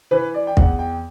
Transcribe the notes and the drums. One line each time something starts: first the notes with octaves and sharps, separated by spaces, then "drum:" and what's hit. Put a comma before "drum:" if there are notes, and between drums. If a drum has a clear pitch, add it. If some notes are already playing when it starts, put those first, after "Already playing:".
E3 B4
D5
G5
E2 F#5, drum: kick
G5